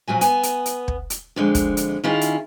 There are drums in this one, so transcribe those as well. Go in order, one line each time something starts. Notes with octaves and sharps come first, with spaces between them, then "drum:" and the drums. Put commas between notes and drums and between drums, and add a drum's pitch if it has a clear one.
F2 A#2 F#3 G#5
B3 G#5, drum: hi-hat
drum: hi-hat
drum: hi-hat
drum: kick
drum: hi-hat
F2 D3 G#3
drum: kick, hi-hat
drum: hi-hat
D#3 C#4 E4 F4 G#4
drum: hi-hat